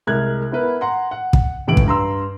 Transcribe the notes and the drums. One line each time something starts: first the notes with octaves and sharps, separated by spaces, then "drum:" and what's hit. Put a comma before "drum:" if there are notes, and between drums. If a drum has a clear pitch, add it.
C2 G#3 A#4 F#6 G#6
B3 E4 A#4 B4
F#5 A#5 C6
F#5
drum: kick
C#2 A2 E3 D7 F#7
drum: kick
G2 A#5 C6 E6